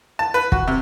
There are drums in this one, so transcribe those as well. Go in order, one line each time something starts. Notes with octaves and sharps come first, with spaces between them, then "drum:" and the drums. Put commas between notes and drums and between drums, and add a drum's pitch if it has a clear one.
A5
B4
F#4, drum: kick
C3